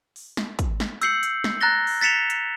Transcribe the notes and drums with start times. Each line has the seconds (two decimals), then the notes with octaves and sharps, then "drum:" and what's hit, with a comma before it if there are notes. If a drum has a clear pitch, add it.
0.16 drum: open hi-hat
0.37 drum: snare
0.59 drum: kick, hi-hat
0.80 drum: snare
1.02 E6 G6 C7 C#7 F#7, drum: hi-hat
1.23 drum: hi-hat
1.44 drum: snare
1.61 A#5 F#6 A6 A#6 G7
1.87 drum: open hi-hat
2.01 A6 B6 C#7 E7 F7 G7
2.30 drum: hi-hat